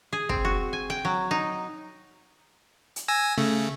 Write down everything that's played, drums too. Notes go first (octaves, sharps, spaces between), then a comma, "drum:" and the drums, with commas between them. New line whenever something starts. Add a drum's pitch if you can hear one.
G#4
C4, drum: kick
F#4
G#5
G5
F#3
D#4
drum: hi-hat
G#5 E6 A#6
C#3 A3